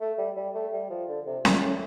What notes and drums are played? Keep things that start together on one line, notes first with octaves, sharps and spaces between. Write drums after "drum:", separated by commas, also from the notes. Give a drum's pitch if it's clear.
A3
G3
G3
A3
G3
F3
D3
C3
A#2, drum: snare C#4
A2